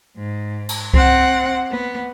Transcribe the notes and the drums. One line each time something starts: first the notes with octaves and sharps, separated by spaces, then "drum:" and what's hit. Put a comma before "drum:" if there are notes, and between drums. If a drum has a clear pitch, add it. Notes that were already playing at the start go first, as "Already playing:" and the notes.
G#2
drum: cymbal
C4 F#5, drum: kick C2
B3